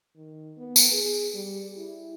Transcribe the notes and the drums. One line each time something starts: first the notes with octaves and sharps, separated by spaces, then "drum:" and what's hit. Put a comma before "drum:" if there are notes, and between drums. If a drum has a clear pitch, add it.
D#3
B3
drum: tambourine
G#4
G3
E4